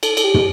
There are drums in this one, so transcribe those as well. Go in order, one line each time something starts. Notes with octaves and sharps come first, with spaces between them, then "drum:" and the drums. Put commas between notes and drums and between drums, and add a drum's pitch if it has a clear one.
A4, drum: cymbal
A4, drum: cymbal
G4
drum: tom